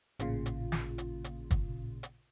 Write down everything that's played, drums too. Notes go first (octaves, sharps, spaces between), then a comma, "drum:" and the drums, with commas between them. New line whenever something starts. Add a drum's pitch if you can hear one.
A1 A#2 C#3 F4, drum: hi-hat
drum: hi-hat
drum: snare
drum: hi-hat
drum: hi-hat
drum: kick, hi-hat
drum: hi-hat